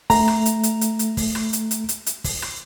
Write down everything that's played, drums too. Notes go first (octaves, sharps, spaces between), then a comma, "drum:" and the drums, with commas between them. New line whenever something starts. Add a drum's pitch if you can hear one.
A3 A#5, drum: kick, open hi-hat
drum: rim click
drum: hi-hat
drum: hi-hat
drum: hi-hat
drum: hi-hat
drum: kick, open hi-hat
drum: rim click
drum: hi-hat
drum: hi-hat
drum: hi-hat
drum: hi-hat
drum: kick, open hi-hat
drum: rim click